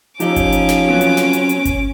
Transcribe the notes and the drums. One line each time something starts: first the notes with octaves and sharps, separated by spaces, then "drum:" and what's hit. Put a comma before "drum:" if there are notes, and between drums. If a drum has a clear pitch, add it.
F3 C#4 D#4 G4 D#5 D6, drum: hi-hat
drum: kick G1, hi-hat
drum: hi-hat
drum: snare
F#3 B3 C4
drum: hi-hat
drum: snare
drum: hi-hat
drum: hi-hat
drum: kick G1, hi-hat